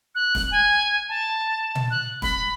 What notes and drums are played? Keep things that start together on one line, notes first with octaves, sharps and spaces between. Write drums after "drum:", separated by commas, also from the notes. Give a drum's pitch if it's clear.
F#6
drum: snare
G#5
A5
drum: tom A#2
F#6
B5, drum: snare